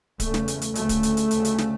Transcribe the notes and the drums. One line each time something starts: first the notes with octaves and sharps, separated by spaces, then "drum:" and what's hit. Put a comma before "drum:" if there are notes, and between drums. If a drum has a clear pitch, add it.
E2 C#3 A3, drum: kick D1, hi-hat
drum: snare
drum: hi-hat
drum: hi-hat
D2 C#3 A3, drum: hi-hat
drum: kick D1, hi-hat
drum: hi-hat
drum: hi-hat
D2 C#3, drum: hi-hat
drum: hi-hat
drum: snare